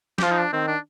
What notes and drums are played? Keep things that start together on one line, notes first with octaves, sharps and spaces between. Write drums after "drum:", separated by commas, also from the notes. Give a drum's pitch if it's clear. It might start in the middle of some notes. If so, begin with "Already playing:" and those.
G4, drum: snare
F3 F4
D#4
D4
D#3 C4
D4